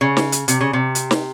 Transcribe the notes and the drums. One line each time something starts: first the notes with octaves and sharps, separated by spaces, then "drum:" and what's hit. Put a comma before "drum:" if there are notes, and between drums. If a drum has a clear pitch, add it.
C#3
drum: snare
drum: hi-hat
C3, drum: hi-hat
C#3
C3
drum: hi-hat
drum: snare